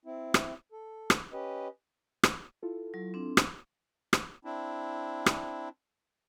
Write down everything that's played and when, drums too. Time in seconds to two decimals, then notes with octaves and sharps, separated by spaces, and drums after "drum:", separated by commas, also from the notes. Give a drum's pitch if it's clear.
0.05 C4 E4
0.34 drum: rim click
0.72 A4
1.10 drum: rim click
1.33 C#4 G4 B4 D#5
2.23 drum: rim click
2.63 E4 F4 A4
2.94 F#3
3.14 C4 D4
3.37 drum: rim click
4.13 drum: rim click
4.45 C4 D4 E4
5.26 drum: rim click